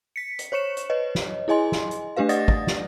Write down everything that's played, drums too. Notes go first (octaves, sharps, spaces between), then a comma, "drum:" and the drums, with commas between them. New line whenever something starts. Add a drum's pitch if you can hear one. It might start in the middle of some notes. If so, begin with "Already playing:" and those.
B6 C#7
drum: hi-hat
C5 C#5 C#6 C#7 E7
drum: hi-hat
B4 C#5 D#5
drum: snare
E4 G#4 D#5 G#5 C6
drum: snare
drum: hi-hat
A3 D4 G4 B4 F5
D5 D#5 F#5 D#6 A6 A#6, drum: hi-hat
drum: kick
drum: snare